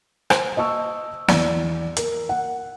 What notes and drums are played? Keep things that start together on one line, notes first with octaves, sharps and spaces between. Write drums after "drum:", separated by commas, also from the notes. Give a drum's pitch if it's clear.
C5, drum: rim click
D#5 A5 C#6 E6
E2 D5, drum: snare
A#4, drum: hi-hat
F#5